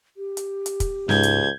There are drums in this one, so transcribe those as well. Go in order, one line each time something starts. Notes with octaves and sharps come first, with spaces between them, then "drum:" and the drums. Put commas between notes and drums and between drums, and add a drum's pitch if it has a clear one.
G4
drum: hi-hat
drum: hi-hat
drum: kick, hi-hat
C#2 G#2 G6 G#6, drum: snare
drum: hi-hat